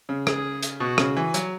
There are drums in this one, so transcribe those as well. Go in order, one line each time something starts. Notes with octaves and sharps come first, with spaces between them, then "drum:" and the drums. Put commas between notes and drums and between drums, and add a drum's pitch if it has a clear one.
C#3
G#4, drum: rim click
drum: hi-hat
B2 F#4
C#3, drum: rim click
E3
F#3, drum: hi-hat